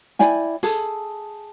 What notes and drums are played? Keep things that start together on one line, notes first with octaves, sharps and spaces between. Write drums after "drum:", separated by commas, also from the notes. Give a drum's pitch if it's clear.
E4 D5 G5 G#5, drum: snare
G#4 A4, drum: hi-hat